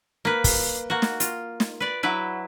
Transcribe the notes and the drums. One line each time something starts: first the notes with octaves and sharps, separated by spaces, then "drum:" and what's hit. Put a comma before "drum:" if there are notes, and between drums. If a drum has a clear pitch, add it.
A#3 B4
drum: kick, open hi-hat
A#3 F#4
drum: snare
F4, drum: hi-hat
drum: snare
B4 D5
F#3 E4 B4